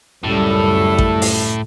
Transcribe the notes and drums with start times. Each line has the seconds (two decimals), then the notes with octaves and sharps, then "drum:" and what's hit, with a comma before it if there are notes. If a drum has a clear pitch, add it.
0.24 C#2 F#2 A2 G3 A4
0.98 drum: kick A1
1.22 drum: open hi-hat